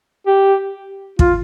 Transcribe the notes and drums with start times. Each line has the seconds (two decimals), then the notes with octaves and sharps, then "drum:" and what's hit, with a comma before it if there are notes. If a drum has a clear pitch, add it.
0.27 G4
1.19 F4, drum: kick